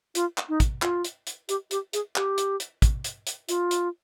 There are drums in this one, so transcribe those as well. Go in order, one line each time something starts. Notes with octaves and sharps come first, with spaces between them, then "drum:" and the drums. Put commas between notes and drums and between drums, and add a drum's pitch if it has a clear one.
F4, drum: hi-hat
drum: clap
D#4
drum: kick, hi-hat
F4, drum: clap
drum: hi-hat
drum: hi-hat
G4, drum: hi-hat
G4, drum: hi-hat
G#4, drum: hi-hat
G4, drum: clap
drum: hi-hat
drum: hi-hat
drum: kick, hi-hat
drum: hi-hat
drum: hi-hat
F4, drum: hi-hat
drum: hi-hat